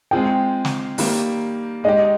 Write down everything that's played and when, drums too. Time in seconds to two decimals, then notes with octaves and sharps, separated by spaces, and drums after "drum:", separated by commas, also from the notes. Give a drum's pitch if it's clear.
0.11 G#3 C4 F4 G#4 G5
0.65 drum: snare
0.98 D#3 G3 A#3, drum: open hi-hat
1.84 G#3 D#4 G4 D#5